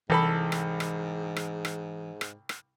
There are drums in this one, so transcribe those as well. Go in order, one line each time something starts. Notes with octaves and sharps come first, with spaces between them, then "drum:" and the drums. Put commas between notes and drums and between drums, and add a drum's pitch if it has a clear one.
C2 G#2 E3 A4 B5
drum: rim click
drum: rim click
drum: rim click
drum: rim click
drum: rim click
drum: rim click